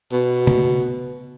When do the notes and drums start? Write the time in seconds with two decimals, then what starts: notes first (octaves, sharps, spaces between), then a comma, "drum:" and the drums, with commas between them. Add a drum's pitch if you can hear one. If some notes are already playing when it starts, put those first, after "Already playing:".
0.12 B2
0.47 drum: tom C#3